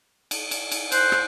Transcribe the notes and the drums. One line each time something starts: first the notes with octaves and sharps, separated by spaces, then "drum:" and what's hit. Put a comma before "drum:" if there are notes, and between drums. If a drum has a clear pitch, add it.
drum: cymbal
drum: cymbal
drum: cymbal
C5 F#6, drum: cymbal
drum: rim click